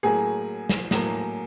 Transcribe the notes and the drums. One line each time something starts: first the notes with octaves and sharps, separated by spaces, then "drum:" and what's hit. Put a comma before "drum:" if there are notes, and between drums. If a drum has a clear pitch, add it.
A2 F#3 A#3 G#4
drum: snare
A2 F#3 A#3, drum: snare